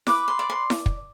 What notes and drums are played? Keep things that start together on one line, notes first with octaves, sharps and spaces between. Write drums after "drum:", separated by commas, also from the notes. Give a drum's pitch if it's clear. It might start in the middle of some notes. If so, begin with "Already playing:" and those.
B4 D6, drum: snare E4
C6
D5
C6
drum: snare E4
drum: kick